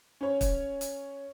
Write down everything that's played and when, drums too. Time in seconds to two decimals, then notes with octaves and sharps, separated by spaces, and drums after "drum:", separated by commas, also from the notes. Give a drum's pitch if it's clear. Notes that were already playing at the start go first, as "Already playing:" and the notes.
0.21 C#4 C#5
0.41 drum: kick, hi-hat
0.81 drum: hi-hat